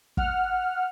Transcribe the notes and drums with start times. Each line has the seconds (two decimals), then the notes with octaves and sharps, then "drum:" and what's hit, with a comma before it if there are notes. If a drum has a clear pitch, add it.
0.17 F#5 F6, drum: kick